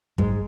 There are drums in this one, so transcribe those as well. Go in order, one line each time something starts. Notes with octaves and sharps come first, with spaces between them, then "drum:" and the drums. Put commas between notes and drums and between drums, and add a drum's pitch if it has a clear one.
G#2 G#3, drum: kick